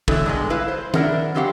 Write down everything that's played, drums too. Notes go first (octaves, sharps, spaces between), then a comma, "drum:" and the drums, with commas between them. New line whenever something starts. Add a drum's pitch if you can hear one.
B2 D3 E3 F#3 A3, drum: kick
G2 B2 G#3
E4 B4 F5
C5
D4 E4 A#4 E5 F#5, drum: tom D#3
E3 F#3 C4 G4 F5 F#5